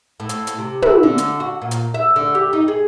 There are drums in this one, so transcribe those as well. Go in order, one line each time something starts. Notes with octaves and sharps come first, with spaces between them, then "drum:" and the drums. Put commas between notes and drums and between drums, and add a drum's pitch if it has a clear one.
A2
drum: hi-hat
drum: hi-hat
C3
E4, drum: tom
D3
drum: hi-hat
F#4
A#2
drum: hi-hat
E5
D3
G4
D#4
G#4